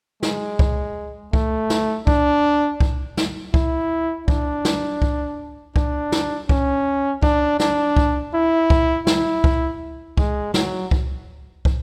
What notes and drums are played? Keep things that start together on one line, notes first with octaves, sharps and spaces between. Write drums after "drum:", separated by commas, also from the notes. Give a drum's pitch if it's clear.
G#3, drum: snare
drum: kick
A3, drum: kick
drum: snare
D4, drum: kick
drum: kick
drum: snare
E4, drum: kick
D4, drum: kick
drum: snare
drum: kick
D4, drum: kick
drum: snare
C#4, drum: kick
D4, drum: kick
D4, drum: snare
drum: kick
E4
drum: kick
E4, drum: snare
drum: kick
G#3, drum: kick
F#3, drum: snare
drum: kick
drum: kick